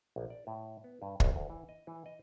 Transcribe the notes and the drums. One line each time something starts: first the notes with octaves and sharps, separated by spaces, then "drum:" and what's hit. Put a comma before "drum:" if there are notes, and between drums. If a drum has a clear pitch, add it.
A#1
D5
A2
B3
G2
C2, drum: kick
D2
E3
D#5
E3
D#5